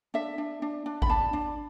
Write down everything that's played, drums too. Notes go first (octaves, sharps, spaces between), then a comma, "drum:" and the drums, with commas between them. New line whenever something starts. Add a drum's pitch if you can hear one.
D4 E5
D4
D4
D4
B5, drum: kick G#1
D4 A5
D4